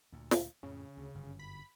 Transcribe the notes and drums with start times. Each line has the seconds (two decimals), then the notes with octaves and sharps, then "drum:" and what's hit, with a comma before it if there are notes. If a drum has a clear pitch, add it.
0.12 D2 A#2
0.31 drum: snare
0.63 F2 A2 C#3
0.97 D2
1.15 G1 F#2
1.39 B5